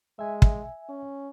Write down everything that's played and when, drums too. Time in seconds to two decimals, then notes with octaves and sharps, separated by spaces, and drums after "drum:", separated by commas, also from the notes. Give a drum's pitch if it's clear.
0.19 G#3 E5 G#5
0.42 drum: kick
0.89 C#4